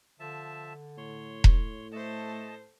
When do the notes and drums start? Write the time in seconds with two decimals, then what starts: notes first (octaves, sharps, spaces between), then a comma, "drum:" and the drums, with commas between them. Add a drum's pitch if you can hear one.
0.20 D3 F3 E5 A5
0.97 A2 C#5 C6
1.44 drum: kick E1
1.92 A3 A4 C5 D#5 A5